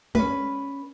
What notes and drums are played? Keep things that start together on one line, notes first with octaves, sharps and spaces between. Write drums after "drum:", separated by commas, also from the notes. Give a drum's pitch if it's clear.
C#4 B4, drum: tom G#3